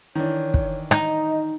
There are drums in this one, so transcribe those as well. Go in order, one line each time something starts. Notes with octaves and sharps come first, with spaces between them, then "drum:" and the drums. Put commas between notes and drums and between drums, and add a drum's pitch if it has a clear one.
D#3 E3 D4 C#5
drum: kick
D#4 D#5, drum: rim click